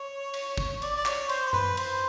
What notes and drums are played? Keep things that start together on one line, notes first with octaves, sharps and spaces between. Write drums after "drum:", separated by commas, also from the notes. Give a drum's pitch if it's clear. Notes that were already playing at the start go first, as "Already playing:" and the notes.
Already playing: C#5
drum: cymbal
drum: kick
D5, drum: cymbal
D5
C#5, drum: clap
C5, drum: cymbal
C5
B4, drum: tom F#2
C5, drum: cymbal